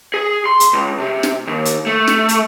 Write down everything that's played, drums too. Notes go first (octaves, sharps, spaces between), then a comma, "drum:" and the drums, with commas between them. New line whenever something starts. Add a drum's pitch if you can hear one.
G#4
C6
drum: hi-hat
C#2
C3
drum: snare
D#2
drum: hi-hat
A3
drum: snare
drum: hi-hat